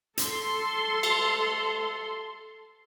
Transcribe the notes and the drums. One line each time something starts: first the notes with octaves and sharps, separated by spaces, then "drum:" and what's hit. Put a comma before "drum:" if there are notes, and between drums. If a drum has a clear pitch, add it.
A4 C6, drum: hi-hat
drum: cymbal